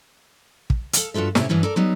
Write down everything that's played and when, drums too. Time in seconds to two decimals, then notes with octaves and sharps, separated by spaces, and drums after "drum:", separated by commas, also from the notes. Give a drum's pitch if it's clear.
0.70 drum: kick
0.93 A4 F5, drum: hi-hat
1.14 G2 F4 F#4 A4 E5
1.35 A2 C3 C#4 E4, drum: snare
1.49 G2 E3 B3 C#4 D4
1.63 A4 A#4 D5
1.76 F#3 G3 B3 D#4